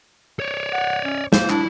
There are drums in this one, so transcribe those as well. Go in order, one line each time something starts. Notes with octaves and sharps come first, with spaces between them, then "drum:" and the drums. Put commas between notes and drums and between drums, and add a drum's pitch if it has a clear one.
C#5 D5
F#5
C#4
A#3 C5, drum: snare
D4 E4, drum: clap